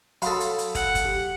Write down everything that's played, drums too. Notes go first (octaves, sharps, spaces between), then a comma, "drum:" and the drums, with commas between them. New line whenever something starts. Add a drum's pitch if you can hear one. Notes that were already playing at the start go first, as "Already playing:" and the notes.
F#3 A4 F5 B5 C6 D#6, drum: hi-hat
drum: hi-hat
drum: hi-hat
F#5, drum: kick, hi-hat
drum: kick, hi-hat
G4